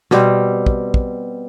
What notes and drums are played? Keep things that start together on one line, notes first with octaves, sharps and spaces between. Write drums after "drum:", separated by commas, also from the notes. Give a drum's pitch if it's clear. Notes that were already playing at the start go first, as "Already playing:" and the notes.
B2 G3 C4, drum: snare
drum: kick
drum: kick